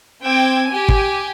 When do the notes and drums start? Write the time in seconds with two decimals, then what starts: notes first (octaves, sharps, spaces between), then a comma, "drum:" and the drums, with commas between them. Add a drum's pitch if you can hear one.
0.24 C4 G5 D6 E6 G#6
0.68 G4 G#5
0.88 drum: kick